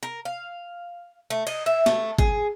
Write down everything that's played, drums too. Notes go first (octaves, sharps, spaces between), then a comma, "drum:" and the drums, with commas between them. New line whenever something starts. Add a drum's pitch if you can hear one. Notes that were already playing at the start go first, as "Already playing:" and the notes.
A#4
F5
A3
D#5, drum: cymbal
E5
A3, drum: snare
G#4, drum: kick